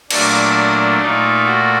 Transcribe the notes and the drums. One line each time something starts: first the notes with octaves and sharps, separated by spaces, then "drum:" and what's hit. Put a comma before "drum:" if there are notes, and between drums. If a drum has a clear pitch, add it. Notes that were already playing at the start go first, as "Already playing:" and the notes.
A#2 F#3 A3 D4, drum: cymbal
A#2 A3 D#4
F#4